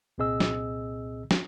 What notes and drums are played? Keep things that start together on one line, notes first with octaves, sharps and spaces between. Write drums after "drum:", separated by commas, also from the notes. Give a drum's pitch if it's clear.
C2 A#2 C4 G#4 D#5 E6
drum: snare
drum: snare